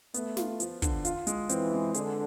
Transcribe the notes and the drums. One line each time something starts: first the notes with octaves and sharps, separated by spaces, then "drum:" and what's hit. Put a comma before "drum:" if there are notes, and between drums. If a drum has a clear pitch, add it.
A3 B3, drum: hi-hat
F4, drum: snare
F3, drum: hi-hat
D3, drum: kick, hi-hat
F4, drum: hi-hat
G#3, drum: hi-hat
E3 C4, drum: hi-hat
G#3
D3 G#4, drum: hi-hat